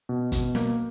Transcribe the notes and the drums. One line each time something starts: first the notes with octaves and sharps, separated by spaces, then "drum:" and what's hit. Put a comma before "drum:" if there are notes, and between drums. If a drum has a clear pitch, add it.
B2
B2, drum: kick, hi-hat
A#3, drum: snare